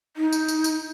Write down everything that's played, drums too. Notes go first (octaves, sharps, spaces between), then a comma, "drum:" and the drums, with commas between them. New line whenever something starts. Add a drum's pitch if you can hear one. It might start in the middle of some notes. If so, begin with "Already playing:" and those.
D#4
drum: tambourine
drum: tambourine
drum: tambourine